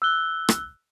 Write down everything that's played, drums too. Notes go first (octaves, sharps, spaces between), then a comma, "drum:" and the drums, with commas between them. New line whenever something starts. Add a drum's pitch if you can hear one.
E6 F#6 G7
drum: rim click